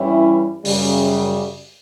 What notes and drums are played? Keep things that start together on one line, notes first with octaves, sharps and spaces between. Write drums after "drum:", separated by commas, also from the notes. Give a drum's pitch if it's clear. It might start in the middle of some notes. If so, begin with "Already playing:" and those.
Already playing: G2 E3 G3 C#4 E4
F#2 C#3 G3, drum: open hi-hat